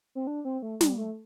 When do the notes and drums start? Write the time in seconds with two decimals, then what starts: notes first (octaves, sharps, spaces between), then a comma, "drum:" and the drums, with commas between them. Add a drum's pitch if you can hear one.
0.15 C4
0.27 D4
0.45 C4
0.62 A3
0.81 G3, drum: snare
0.98 A3